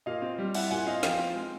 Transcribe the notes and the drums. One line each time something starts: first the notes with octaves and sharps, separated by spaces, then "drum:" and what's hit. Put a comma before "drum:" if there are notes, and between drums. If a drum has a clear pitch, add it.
A#2 D#5 F5
C4
G3
E4 E5 F#5, drum: cymbal
A#2 F#5 G#5
C4 D#5 F5
F3 F5 G5, drum: snare
C4
G#3